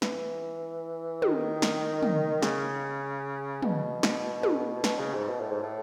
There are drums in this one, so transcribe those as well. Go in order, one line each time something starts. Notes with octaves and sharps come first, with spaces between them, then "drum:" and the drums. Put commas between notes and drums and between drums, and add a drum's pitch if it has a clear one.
E3, drum: snare
D#3, drum: tom
drum: snare
drum: tom
C#3, drum: snare
B2, drum: tom
drum: snare
drum: tom
B2, drum: snare
C#3
G#2
B2
A2
G#2
A2